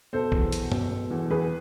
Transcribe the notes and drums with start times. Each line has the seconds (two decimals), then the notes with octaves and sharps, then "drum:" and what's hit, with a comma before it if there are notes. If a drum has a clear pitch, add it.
0.13 B2 A4 C5
0.32 E2, drum: kick
0.52 B2, drum: hi-hat
0.72 B2, drum: tom
0.91 B2
1.11 E2
1.30 E2 G#4 B4